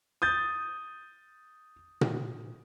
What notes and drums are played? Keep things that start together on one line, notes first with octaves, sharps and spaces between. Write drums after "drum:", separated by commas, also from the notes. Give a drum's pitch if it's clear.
D#6 G6 A6
drum: tom A#2